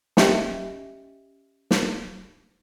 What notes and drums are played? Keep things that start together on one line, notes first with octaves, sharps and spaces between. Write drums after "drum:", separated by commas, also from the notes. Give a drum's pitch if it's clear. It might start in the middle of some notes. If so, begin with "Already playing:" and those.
C#4 G4 D#5 E5 G5 G#5, drum: snare
drum: snare